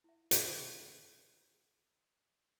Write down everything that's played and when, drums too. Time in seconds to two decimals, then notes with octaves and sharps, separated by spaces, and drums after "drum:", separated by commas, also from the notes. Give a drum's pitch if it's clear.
0.04 E4 E5
0.31 drum: hi-hat